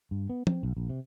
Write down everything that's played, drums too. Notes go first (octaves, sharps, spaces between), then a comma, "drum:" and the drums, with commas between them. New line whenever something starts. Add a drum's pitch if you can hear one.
G2
B3
C4, drum: tom
B1
A#1
C3